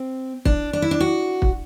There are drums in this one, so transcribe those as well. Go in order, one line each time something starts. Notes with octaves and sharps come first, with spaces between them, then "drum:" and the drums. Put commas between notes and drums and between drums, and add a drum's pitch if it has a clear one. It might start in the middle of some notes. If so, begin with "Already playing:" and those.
Already playing: C4
D4, drum: kick
D4
E4
D4
F#4
drum: kick